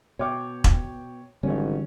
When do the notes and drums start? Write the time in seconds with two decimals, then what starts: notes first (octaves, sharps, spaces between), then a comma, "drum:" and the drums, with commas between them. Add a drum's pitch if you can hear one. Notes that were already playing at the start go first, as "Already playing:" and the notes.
0.19 B2 C#5 G5 D6
0.64 drum: kick E1
1.43 G#1 D3 E3 G3 C#4 C#5